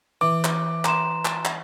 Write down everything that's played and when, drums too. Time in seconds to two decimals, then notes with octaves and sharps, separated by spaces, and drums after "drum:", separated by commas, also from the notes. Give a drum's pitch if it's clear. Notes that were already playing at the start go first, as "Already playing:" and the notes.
0.21 E3 D6
0.44 drum: clap
0.85 A#5 C6 E7, drum: clap
1.25 drum: clap
1.45 drum: clap